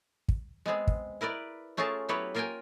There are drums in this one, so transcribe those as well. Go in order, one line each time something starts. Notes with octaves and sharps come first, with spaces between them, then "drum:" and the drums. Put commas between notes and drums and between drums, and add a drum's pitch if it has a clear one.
drum: kick
G#3 B3 C4 G#4
drum: kick
E4 A#4 B4 D5
A3 C#4 F4 G#4 A#4 A5
F#3 B3 E4 G4 B4 C#5
A#3 F4 A#4 F5 G5 G#5